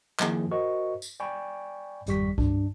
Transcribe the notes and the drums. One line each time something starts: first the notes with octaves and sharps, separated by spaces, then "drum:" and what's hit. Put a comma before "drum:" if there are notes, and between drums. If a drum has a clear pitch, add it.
D#3 F3 A#3 C4 E4 G#4, drum: clap
F#4 A#4 C5 D#5 C#6
drum: tambourine
D5 G5 G#5 B5 C#6
G#1 F2 G3 G4 C#6 B6, drum: hi-hat
G2 D4, drum: kick C2